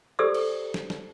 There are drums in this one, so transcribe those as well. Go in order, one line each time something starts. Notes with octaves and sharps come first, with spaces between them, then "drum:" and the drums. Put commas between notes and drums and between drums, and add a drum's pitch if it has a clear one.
G4 A4 C5 D5 D#6 E6
drum: cymbal
drum: snare
drum: snare